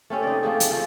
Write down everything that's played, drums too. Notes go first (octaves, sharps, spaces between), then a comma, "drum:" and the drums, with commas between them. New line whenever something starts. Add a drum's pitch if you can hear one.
A3 C4 C#4 G4
D#4 C5 D5
F3 A3 G4 G#4
drum: hi-hat
F3 C4